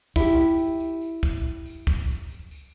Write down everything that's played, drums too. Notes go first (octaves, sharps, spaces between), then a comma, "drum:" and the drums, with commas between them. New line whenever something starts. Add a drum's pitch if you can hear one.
E4 G4, drum: kick, tambourine
drum: tambourine
drum: tambourine
drum: tambourine
drum: tambourine
drum: kick, tambourine
drum: tambourine
drum: kick, tambourine
drum: tambourine
drum: tambourine
drum: tambourine